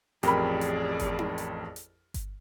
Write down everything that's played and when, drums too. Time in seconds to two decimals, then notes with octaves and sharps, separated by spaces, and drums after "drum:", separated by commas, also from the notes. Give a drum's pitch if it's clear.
0.23 A1 F2 G4 G#4 A#4 D5 B5, drum: hi-hat
0.61 drum: hi-hat
1.00 drum: kick G1, hi-hat
1.19 drum: tom D#4
1.38 drum: hi-hat
1.76 drum: hi-hat
2.14 drum: kick G1, hi-hat